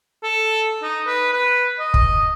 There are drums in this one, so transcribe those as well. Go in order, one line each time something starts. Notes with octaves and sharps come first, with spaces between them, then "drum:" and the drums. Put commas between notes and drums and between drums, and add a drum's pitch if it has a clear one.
A4
D#4
B4
B4
D#5
drum: kick